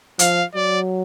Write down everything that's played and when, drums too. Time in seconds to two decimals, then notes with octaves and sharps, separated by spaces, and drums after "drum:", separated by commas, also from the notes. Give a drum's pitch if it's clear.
0.19 F3 F5, drum: hi-hat
0.55 F#3 D5